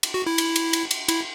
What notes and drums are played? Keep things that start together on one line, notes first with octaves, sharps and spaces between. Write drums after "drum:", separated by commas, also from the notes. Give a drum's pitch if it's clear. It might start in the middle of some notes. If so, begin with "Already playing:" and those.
drum: cymbal
F#4
E4
drum: cymbal
drum: cymbal
drum: cymbal
drum: cymbal
E4, drum: cymbal